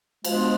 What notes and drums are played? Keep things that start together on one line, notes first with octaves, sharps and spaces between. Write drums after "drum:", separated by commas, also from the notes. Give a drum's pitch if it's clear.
F3 G#3 B3 D4 F4, drum: cymbal